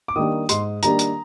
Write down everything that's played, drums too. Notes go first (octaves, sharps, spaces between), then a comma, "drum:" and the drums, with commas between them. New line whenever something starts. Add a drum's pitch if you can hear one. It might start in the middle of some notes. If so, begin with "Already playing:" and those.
D6
D#3 G3 A#3 D4 D#6
G#2 C6, drum: hi-hat
D#3 G3 A#3 D4 A#5, drum: hi-hat
drum: hi-hat